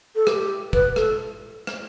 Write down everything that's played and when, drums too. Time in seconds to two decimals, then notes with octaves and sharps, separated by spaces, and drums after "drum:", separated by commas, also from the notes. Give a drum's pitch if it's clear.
0.16 A4
0.27 G4, drum: rim click
0.73 B4, drum: kick
0.96 A4, drum: rim click
1.67 drum: rim click